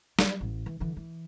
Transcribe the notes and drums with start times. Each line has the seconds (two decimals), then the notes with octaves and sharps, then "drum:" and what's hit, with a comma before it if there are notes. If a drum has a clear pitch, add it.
0.19 F#3 G3, drum: snare
0.41 A1
0.66 E3
0.80 D3 E3
0.97 E3